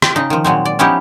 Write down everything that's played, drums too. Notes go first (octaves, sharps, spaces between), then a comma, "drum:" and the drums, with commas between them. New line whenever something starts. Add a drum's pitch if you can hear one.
G5, drum: rim click
C#3 D#4
D#3 F3
A#2 F#3 G#3 C4
D5
F3 B3 C#4 D#4 E4 G4